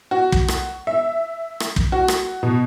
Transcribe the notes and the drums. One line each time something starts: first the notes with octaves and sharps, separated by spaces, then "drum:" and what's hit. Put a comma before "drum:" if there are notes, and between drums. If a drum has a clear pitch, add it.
F#4
drum: kick
drum: rim click
E5
drum: rim click
drum: kick
F#4
drum: rim click
B2